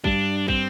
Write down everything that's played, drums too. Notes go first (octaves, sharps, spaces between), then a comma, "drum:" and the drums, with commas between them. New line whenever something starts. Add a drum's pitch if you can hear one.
G2 G3 D4, drum: kick
C4, drum: kick